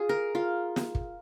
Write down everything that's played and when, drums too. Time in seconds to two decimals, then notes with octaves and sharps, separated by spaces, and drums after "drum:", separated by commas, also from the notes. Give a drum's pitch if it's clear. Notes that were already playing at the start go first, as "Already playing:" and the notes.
Already playing: F4 G#4
0.09 A#4
0.35 F4
0.76 drum: snare
0.95 drum: kick